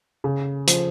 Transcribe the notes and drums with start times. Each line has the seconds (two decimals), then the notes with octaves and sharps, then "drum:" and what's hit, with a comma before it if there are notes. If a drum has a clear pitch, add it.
0.24 C#3
0.67 F3, drum: hi-hat